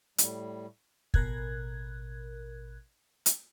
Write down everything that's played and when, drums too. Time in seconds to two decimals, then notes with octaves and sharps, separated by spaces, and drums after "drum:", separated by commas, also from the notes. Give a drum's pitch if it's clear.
0.18 A2 G3, drum: hi-hat
1.14 A1 B2 A#4 F#6 G#6, drum: kick
3.26 drum: hi-hat